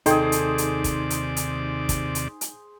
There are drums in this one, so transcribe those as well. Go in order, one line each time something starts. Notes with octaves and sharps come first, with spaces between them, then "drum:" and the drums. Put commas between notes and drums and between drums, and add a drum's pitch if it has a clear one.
D#2 C3 D#4 G#4 A4 C5 D5 G5, drum: hi-hat
drum: hi-hat
drum: hi-hat
drum: kick, hi-hat
drum: hi-hat
drum: hi-hat
drum: kick, hi-hat
drum: hi-hat
drum: hi-hat